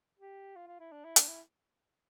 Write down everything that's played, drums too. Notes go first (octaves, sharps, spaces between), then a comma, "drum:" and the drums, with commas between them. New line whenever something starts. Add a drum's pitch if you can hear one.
G4
F4
F4
E4
D4
E4
D4, drum: hi-hat
E4